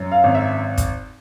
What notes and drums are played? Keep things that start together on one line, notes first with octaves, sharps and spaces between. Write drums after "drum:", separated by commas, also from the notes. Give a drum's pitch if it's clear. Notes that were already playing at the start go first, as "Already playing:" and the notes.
Already playing: F#2
F5
G#1
E5
drum: kick, hi-hat